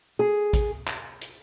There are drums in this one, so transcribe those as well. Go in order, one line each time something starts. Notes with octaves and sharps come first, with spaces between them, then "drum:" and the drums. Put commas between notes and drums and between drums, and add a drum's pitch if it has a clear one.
G#4
drum: kick, hi-hat
drum: clap
drum: hi-hat